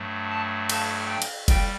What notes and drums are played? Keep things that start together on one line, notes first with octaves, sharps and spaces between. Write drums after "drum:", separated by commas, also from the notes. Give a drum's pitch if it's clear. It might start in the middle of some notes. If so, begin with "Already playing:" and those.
Already playing: G2 F#3 A3
A5
A5, drum: cymbal
G5
drum: cymbal
G3 G5, drum: kick F#1, cymbal